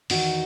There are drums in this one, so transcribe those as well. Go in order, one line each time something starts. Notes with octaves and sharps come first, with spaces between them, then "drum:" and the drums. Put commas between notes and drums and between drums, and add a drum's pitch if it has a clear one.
E2 D#3 D#4 F#4, drum: open hi-hat